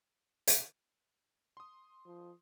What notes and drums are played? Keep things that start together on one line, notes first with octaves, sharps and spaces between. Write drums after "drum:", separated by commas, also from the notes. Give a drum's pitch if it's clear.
drum: hi-hat
C6 D#6
F3